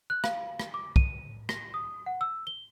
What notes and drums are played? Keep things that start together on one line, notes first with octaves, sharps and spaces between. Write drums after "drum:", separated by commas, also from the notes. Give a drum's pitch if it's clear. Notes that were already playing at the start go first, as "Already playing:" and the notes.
F#6
F5, drum: rim click
drum: rim click
D6
D#7, drum: kick
A#6, drum: rim click
D#6
F#5
E6
G7